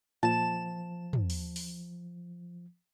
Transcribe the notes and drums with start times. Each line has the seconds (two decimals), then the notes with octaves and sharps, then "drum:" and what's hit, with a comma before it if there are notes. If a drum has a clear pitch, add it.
0.23 A#2 F3 A5 E7
1.13 drum: tom
1.30 drum: open hi-hat
1.56 drum: open hi-hat